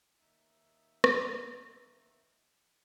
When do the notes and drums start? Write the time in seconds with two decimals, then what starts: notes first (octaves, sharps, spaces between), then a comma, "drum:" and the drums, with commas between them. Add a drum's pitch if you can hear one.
0.20 D#2 D#4 E5
1.04 drum: rim click